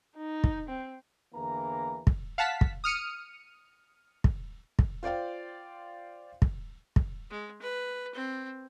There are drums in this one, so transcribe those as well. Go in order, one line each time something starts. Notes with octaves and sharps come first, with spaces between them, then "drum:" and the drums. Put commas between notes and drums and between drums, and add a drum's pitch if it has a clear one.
D#4
drum: kick
C4
E2 D3 E3 A#3 A#5
drum: kick
F5 F#5 A5 B6
drum: kick
D#6 F6 C#7 D#7
drum: kick
drum: kick
F4 C5 D5 F5 G5
drum: kick
drum: kick
G#3
B4
C4